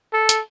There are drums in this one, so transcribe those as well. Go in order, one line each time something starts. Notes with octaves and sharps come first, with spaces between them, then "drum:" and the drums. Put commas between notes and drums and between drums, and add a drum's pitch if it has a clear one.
A4
drum: hi-hat